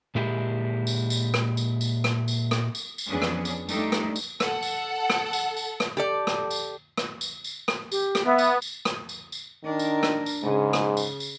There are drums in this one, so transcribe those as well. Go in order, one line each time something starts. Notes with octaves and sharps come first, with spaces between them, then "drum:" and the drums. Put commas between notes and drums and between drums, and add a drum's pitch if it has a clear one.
A#2 G#3 E4 G4
drum: tambourine
drum: tambourine
drum: rim click
drum: tambourine
drum: tambourine
drum: rim click
drum: tambourine
drum: rim click
drum: tambourine
drum: tambourine
F2 E3 B3 C#4 D4 G#4
drum: rim click
drum: tambourine
G3 A3 D4 D#4 G4 A4, drum: tambourine
drum: rim click
drum: tambourine
A4 F#5, drum: rim click
drum: tambourine
drum: rim click
drum: tambourine
drum: tambourine
drum: rim click
G4 A4 D5
drum: rim click
drum: tambourine
drum: rim click
drum: tambourine
drum: tambourine
drum: rim click
G4, drum: tambourine
drum: rim click
B3 E5
drum: tambourine
drum: tambourine
drum: rim click
drum: tambourine
drum: tambourine
D#3 D4 A#4
drum: tambourine
drum: rim click
drum: tambourine
G#2 C#3
drum: rim click
drum: tambourine
drum: tambourine